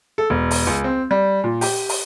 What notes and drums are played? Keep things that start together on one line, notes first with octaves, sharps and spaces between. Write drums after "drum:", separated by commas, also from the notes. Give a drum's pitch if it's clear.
A4
E1
drum: open hi-hat
C#2
C4
G3
A#2
G4, drum: open hi-hat
drum: open hi-hat